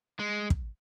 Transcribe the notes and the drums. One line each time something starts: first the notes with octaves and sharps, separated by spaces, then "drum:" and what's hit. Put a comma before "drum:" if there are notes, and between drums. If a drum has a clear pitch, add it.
G#3
drum: kick